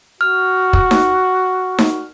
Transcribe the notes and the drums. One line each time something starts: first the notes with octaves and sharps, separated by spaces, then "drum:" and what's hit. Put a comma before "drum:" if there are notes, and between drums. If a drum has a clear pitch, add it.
F#4 F6
drum: kick
drum: snare D#4
drum: snare D#4